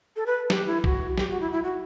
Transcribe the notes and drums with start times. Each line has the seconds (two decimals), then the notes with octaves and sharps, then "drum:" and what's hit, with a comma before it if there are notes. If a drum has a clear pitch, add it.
0.16 A4
0.26 B4
0.50 G4, drum: snare
0.67 E4
0.84 F#4, drum: kick B1
1.18 G4, drum: snare
1.30 F#4
1.41 E4
1.52 E4
1.63 F#4